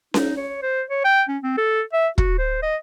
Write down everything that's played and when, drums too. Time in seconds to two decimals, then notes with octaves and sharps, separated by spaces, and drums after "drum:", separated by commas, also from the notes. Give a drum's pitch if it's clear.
0.14 D#4, drum: snare C#4
0.37 C#5
0.62 C5
0.90 C#5
1.04 G5
1.28 C#4
1.43 C4
1.57 A4
1.93 E5
2.18 F#4, drum: kick
2.38 C5
2.62 D#5